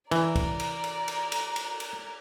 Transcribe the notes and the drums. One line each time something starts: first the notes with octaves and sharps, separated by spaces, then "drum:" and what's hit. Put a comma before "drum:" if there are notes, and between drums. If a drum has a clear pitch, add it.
E3 D5 A#5, drum: cymbal
drum: kick, cymbal
drum: cymbal
drum: cymbal
drum: cymbal
drum: cymbal
drum: cymbal
drum: cymbal